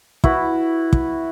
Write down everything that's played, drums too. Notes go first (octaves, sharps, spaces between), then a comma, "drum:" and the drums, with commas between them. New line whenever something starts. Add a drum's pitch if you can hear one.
E4 F#4 B4, drum: kick
drum: kick